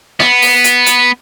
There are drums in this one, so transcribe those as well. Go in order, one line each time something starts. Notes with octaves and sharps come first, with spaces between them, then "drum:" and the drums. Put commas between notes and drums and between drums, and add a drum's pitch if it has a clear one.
B3, drum: rim click
drum: open hi-hat
drum: hi-hat
drum: hi-hat